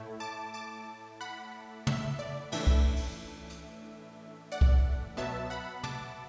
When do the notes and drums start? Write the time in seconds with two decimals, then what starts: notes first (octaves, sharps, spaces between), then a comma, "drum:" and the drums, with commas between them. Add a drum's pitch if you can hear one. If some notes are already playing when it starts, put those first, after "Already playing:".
Already playing: A2 A3 E4
0.20 A5 D6
0.54 A5 D6
1.21 F#5 B5
1.87 E5, drum: tom
2.19 D5
2.52 A2 E3 A3 D4 E5, drum: cymbal
2.67 drum: kick C2
2.96 drum: open hi-hat
3.50 drum: hi-hat
4.52 D5 F#5
4.61 drum: kick C2
5.17 B2 F#3 B3 E5 A5
5.50 F#5 B5
5.84 A5 D6, drum: tom